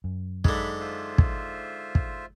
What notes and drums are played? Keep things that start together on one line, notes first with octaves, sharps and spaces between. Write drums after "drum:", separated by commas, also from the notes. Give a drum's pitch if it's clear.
F#2
G#2 D3 E5 B5, drum: kick
F4 C5 E5
drum: kick
drum: kick